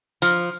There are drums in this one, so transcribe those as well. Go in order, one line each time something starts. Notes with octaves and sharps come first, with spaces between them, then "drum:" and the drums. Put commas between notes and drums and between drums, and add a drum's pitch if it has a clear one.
F3, drum: tambourine